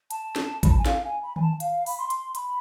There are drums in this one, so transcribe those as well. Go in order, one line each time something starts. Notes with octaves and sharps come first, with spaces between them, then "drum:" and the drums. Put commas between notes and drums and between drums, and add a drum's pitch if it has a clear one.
A5, drum: hi-hat
drum: snare
B5, drum: kick A1, hi-hat
A5
G#5
F5, drum: snare
G#5
B5
G#5, drum: tom D#3
A5
F5, drum: hi-hat
B5, drum: open hi-hat
C6
drum: hi-hat
B5, drum: hi-hat